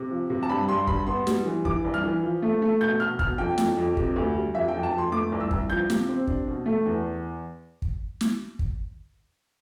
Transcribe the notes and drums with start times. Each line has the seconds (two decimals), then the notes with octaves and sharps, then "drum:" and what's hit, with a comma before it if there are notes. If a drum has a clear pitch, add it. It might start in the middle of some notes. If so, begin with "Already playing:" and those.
Already playing: C3
0.11 F3
0.30 C3
0.43 A5
0.49 G2 B5
0.69 G2 C6
0.87 G2 B5, drum: kick
1.07 B3 C6
1.27 G3, drum: snare
1.45 E3
1.65 E3 D6, drum: kick
1.85 C2
1.94 F6
2.04 E3
2.23 F3
2.42 A3
2.62 A3
2.81 B2 G6
3.00 B2 F6
3.19 B2 F6, drum: kick
3.38 F2 G5
3.58 F2, drum: snare
3.77 F2
3.97 C3, drum: kick
4.16 D2
4.35 G3
4.54 F2 E5
4.68 G5
4.74 F2
4.83 A5
4.93 F2 C6
5.12 A3 D6
5.32 C2
5.40 E6
5.51 C2, drum: kick
5.70 F3 G6
5.90 C3, drum: snare
6.09 C4
6.27 D4, drum: kick
6.47 B2
6.66 A3
6.86 E2
7.82 drum: kick
8.21 drum: snare
8.59 drum: kick